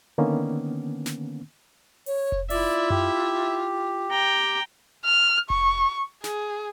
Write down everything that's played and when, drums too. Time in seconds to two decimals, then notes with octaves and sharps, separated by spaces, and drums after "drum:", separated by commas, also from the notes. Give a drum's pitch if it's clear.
0.18 D3 D#3 A#3 B3 C#4
1.06 drum: snare
2.06 C#5, drum: open hi-hat
2.32 drum: kick F1
2.50 E4 F4 D5 E5, drum: open hi-hat
2.90 G4, drum: tom F#2
4.11 G5 A#5
5.05 F6
5.50 C#6, drum: kick F1
6.24 G#4, drum: snare